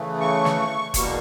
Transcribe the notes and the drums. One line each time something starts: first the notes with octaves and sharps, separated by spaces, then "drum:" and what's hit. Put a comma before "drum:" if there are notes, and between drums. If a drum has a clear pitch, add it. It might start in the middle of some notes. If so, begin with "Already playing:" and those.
Already playing: C#3 E3 A3
C#6
drum: snare
E2 B2 G3 A#3 C#6, drum: kick F#1, hi-hat